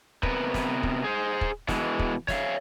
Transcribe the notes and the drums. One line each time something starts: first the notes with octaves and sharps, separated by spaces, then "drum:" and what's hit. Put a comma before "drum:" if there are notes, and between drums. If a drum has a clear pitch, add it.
C3 B3 A#4 B4, drum: kick
drum: snare
drum: kick
G#4 C5
drum: kick
B2 E3 G#3, drum: snare
drum: kick
C#5 E5 F5, drum: snare